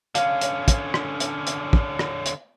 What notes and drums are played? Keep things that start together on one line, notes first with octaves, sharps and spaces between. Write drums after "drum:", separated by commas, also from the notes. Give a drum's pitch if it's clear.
D3 C#4 F5, drum: hi-hat
drum: hi-hat
drum: kick, hi-hat
drum: rim click
drum: hi-hat
drum: hi-hat
drum: kick
drum: rim click
drum: hi-hat